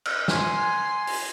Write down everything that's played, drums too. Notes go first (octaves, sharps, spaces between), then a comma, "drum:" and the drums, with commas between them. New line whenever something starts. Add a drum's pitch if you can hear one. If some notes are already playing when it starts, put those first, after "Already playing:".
drum: cymbal
G#5 C6, drum: snare
drum: open hi-hat